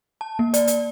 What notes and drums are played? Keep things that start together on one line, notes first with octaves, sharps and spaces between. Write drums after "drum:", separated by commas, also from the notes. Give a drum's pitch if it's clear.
A5
A#3
D5, drum: hi-hat
drum: hi-hat